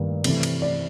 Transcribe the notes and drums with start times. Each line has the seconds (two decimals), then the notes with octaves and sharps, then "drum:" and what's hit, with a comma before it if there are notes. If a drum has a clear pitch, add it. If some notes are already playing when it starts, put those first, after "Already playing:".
Already playing: G2 D#3 G3 A#3
0.24 C3 E3 A3, drum: cymbal
0.43 drum: cymbal
0.62 D5